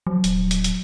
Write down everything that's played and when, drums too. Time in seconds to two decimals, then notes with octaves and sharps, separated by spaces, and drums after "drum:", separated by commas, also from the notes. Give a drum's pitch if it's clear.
0.07 F3 F#3
0.24 D#1, drum: hi-hat
0.51 drum: hi-hat
0.64 drum: hi-hat